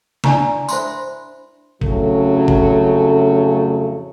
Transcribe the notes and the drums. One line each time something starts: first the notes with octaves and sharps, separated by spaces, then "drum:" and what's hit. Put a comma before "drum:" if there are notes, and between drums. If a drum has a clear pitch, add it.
D4 E4 D5 G#5 A#5 C#6, drum: snare
C5 E5 B5 C6, drum: tambourine
F2 A2 C#3 F#3 A3 C#4, drum: kick
drum: kick